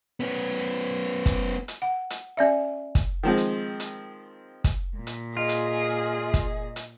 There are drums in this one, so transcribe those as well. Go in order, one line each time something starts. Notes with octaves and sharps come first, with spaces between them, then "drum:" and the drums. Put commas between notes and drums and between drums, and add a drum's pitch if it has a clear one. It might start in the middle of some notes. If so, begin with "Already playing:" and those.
B3 C#4
drum: kick, hi-hat
drum: hi-hat
F#5
drum: hi-hat
C#4 D5 E5
drum: kick, hi-hat
D#3 F3 G#3 C4
drum: hi-hat
drum: hi-hat
drum: kick, hi-hat
A#2
drum: hi-hat
F4 G#4 D#5
drum: hi-hat
drum: kick, hi-hat
drum: hi-hat